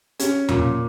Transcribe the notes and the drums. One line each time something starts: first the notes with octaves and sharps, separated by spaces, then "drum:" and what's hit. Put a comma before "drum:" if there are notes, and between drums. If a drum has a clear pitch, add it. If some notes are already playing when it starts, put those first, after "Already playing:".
C#4, drum: hi-hat
A#2, drum: tom E2